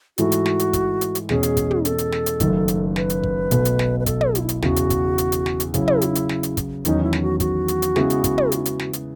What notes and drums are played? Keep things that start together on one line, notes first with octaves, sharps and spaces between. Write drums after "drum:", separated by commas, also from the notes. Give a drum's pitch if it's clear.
G#2 E3 A3 E4 F#4, drum: hi-hat
drum: hi-hat
drum: snare
drum: hi-hat
drum: kick, hi-hat
drum: hi-hat
drum: hi-hat
E2 B2 G#3 C#4 G#4, drum: snare
drum: hi-hat
drum: kick, hi-hat
drum: tom
A4, drum: hi-hat
drum: hi-hat
drum: snare
drum: hi-hat
F#1 F#2 D#3 A3, drum: kick, hi-hat
drum: hi-hat
B4, drum: snare
drum: hi-hat
drum: kick
B1 B2 A3, drum: hi-hat
drum: hi-hat
drum: snare
B4
A4, drum: kick, hi-hat
drum: tom
E4, drum: hi-hat
drum: hi-hat
E2 C#3 E3 F#4, drum: snare
drum: hi-hat
drum: kick, hi-hat
drum: hi-hat
drum: hi-hat
drum: snare
drum: hi-hat
C#3 F#3 C#4 E4, drum: kick, hi-hat
drum: tom
drum: hi-hat
drum: hi-hat
drum: snare
drum: hi-hat
drum: kick, hi-hat
E2 D#3 F#3 C#4 D#4, drum: hi-hat
E4
drum: snare
F#4
F#4, drum: kick, hi-hat
drum: hi-hat
drum: hi-hat
C#3 G#3 B3 E4 G#4, drum: snare
drum: hi-hat
drum: kick, hi-hat
drum: tom
drum: hi-hat
drum: hi-hat
drum: snare
drum: hi-hat